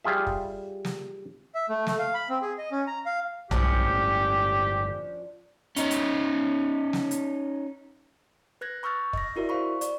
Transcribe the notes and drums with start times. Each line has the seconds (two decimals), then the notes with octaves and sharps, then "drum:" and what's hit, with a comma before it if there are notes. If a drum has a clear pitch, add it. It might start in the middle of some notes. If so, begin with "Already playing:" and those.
0.04 G3 F4 G#4 E5
0.27 drum: kick
0.85 drum: snare
1.55 E5
1.69 A3
1.87 A3, drum: snare
1.99 F5
2.14 B5
2.29 C4
2.42 G#4
2.58 D#5
2.71 C#4
2.87 A#5
3.06 F5
3.51 G1 A2 F3 C#4 D4 G4, drum: tom B1
5.76 C#4 D#4, drum: hi-hat
5.91 drum: hi-hat
6.93 drum: snare
7.11 drum: hi-hat
8.61 B4 F#6 G#6 A#6
8.83 B5 C#6 E6 F6 G6 A6
9.13 D#5 A#6, drum: kick
9.36 E4 F#4 A#4 D5 E5
9.49 C5 F5 B5 C#6
9.81 D5, drum: hi-hat